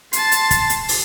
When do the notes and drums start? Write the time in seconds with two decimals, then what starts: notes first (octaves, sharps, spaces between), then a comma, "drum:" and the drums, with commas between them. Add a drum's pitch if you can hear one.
0.13 A5 C6, drum: hi-hat
0.32 drum: hi-hat
0.51 drum: kick, hi-hat
0.70 drum: hi-hat
0.89 drum: open hi-hat